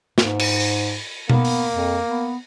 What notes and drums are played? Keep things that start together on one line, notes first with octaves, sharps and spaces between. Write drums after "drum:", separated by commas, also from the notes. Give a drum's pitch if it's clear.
G#2, drum: snare
drum: cymbal
drum: open hi-hat
A#3 B3, drum: tom B2
drum: open hi-hat
F2
B3